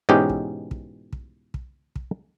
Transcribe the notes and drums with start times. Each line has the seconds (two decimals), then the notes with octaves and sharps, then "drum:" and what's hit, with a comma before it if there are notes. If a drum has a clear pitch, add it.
0.09 G#2 B2 E3 C#4 D#4 G4
0.30 drum: kick
0.71 drum: kick
1.13 drum: kick
1.54 drum: kick
1.96 drum: kick